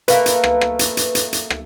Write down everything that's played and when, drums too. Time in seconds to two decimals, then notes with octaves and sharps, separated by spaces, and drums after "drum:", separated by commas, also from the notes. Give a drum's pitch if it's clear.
0.08 A3 A#3 A#4 B4, drum: hi-hat
0.26 drum: hi-hat
0.44 drum: rim click
0.61 drum: rim click
0.79 drum: hi-hat
0.97 drum: hi-hat
1.15 drum: hi-hat
1.33 drum: hi-hat
1.50 drum: rim click